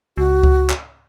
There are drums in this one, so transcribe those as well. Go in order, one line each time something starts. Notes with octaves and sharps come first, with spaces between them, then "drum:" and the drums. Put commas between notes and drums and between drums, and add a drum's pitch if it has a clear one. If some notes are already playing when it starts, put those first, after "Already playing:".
C#2 F#4
drum: kick C#2
drum: clap